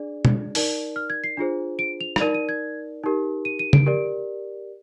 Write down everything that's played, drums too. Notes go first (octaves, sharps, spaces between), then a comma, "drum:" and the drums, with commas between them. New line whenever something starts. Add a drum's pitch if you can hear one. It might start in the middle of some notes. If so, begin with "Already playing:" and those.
Already playing: D4 G#4 D5
drum: tom
D#4 A#4 D5, drum: open hi-hat
F6
G#6
C7
D4 F4 G#4 C5
D7
F7
F7, drum: rim click
D#4 A#4 D5 D#7
D#7
G#6
D#4 G4 A#4
D#7
D#7
D7, drum: tom C#3
G4 A#4 D5